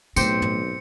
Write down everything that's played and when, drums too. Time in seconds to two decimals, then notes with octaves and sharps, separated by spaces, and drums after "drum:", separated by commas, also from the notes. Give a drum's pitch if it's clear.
0.16 B1 A2 C4 G4 C5 C#7, drum: tambourine
0.42 drum: tom